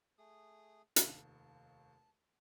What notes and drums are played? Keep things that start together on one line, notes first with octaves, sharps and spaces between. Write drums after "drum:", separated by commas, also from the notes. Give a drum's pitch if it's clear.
A3 G#4 D#6
F1 D#2 A5, drum: hi-hat